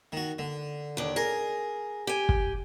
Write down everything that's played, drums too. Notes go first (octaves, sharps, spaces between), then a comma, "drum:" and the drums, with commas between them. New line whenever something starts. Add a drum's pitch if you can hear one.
D#3 F#4
D3
D#2 D4
G#4 A#4
G4 G#5
drum: kick